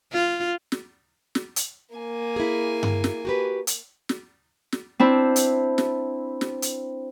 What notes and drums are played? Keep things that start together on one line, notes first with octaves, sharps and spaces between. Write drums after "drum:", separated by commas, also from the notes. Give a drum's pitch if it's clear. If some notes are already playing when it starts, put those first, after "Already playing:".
F4
drum: snare
drum: snare
drum: hi-hat
A#3 G#5
E4 G#4
drum: tom G2
drum: snare
F#4 G4 B4
drum: hi-hat
drum: snare
drum: snare
C4 D4 E4
drum: hi-hat
drum: snare
drum: snare
drum: hi-hat